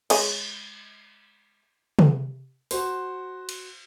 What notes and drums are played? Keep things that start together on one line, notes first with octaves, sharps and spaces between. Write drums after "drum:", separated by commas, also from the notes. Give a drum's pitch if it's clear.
G#3 C#5 D#5, drum: cymbal
drum: tom
F#4 C5, drum: open hi-hat
drum: cymbal